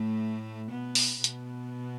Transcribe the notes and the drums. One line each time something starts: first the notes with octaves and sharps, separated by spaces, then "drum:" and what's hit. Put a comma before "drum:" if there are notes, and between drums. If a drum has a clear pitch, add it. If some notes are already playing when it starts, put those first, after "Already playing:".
Already playing: A2 A3
B2 B3
drum: open hi-hat
B2 B3, drum: hi-hat